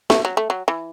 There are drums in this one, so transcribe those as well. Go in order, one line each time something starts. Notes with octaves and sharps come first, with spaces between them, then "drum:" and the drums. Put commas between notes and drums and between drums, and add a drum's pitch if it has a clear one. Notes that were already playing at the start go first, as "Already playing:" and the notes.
A3, drum: snare
F#3
A3
F#3
E3